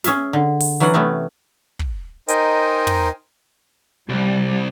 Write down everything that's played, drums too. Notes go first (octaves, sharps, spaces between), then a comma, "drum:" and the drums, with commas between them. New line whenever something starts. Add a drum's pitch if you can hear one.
C#4 G#4 E5 F5, drum: snare
D3
drum: open hi-hat
E3 F#3 C#4 D4 F#5
C3 A3 B3 C#4
drum: kick
D#4 A#4 C5 D#5 G5 G#5, drum: hi-hat
drum: tom
C2 G3